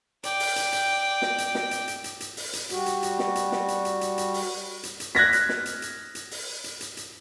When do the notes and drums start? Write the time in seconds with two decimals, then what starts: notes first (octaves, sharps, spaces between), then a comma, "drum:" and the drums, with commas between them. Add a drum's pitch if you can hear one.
0.23 D5 G5, drum: hi-hat
0.40 drum: open hi-hat
0.56 drum: hi-hat
0.73 drum: hi-hat
1.22 drum: snare
1.38 drum: hi-hat
1.55 drum: snare
1.71 drum: hi-hat
1.88 drum: hi-hat
2.04 drum: hi-hat
2.20 drum: hi-hat
2.37 drum: open hi-hat
2.53 drum: hi-hat
2.70 G3 F#4, drum: hi-hat
2.86 drum: hi-hat
3.03 drum: hi-hat
3.19 drum: snare
3.35 drum: hi-hat
3.52 drum: snare
3.68 drum: hi-hat
3.85 drum: hi-hat
4.01 drum: hi-hat
4.18 drum: hi-hat
4.34 drum: open hi-hat
4.83 drum: hi-hat
5.00 drum: hi-hat
5.15 F#6 G#6 A#6 B6, drum: snare
5.33 drum: hi-hat
5.49 drum: snare
5.66 drum: hi-hat
5.82 drum: hi-hat
6.15 drum: hi-hat
6.31 drum: open hi-hat
6.64 drum: hi-hat
6.81 drum: hi-hat
6.97 drum: hi-hat